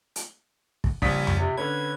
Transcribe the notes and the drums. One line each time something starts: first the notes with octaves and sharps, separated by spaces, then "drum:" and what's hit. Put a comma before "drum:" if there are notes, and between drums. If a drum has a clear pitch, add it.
drum: hi-hat
drum: kick
A#1 C#3 G3 C#4 D#6 B6, drum: kick
drum: tom F2
C3
D3 C#4 B4 G#6